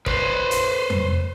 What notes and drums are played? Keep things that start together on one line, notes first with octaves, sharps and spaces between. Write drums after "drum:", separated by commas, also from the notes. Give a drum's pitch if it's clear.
B4 C5, drum: kick
drum: hi-hat
drum: tom F2